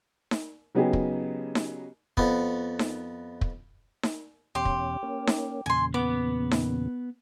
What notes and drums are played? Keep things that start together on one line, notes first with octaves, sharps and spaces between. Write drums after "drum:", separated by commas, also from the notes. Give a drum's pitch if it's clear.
drum: snare D#4
C#3 F#3 B3 D#4 G4 G#4
drum: kick
drum: snare D#4
F2 B3, drum: kick
drum: snare D#4
drum: kick
drum: snare D#4
E2 B2 C#4 G4 C6
drum: kick
A#3 C#4
drum: snare D#4
E2 A#2 C#3 G#5 C6
B3 B4 D6
drum: snare D#4